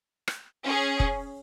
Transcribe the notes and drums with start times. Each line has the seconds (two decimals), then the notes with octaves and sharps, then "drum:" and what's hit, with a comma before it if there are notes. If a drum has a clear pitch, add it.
0.28 drum: rim click
0.63 C#4 G#4
1.00 drum: kick F1